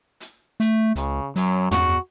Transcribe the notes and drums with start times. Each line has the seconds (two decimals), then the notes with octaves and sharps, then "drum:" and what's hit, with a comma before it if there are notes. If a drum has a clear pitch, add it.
0.21 drum: hi-hat
0.60 A3, drum: hi-hat
0.96 C#2 C#3, drum: hi-hat
1.36 F#2 F#3, drum: hi-hat
1.71 E2 F#4, drum: tom